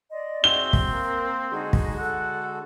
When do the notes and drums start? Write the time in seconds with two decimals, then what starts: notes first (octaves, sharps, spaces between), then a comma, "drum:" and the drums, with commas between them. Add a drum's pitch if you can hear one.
0.12 D5 D#5 C6
0.44 C4 F#4 G#4 E5 G7
0.73 drum: kick
0.92 A#3 A#4
1.52 D3 G#3 D#4 F#4 G#4
1.73 drum: kick
1.98 A4 F#5